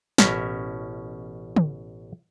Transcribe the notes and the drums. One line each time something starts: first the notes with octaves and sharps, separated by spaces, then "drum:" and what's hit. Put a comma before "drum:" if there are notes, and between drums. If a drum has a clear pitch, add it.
A1 B2 C#4 A#4 E5, drum: snare
drum: tom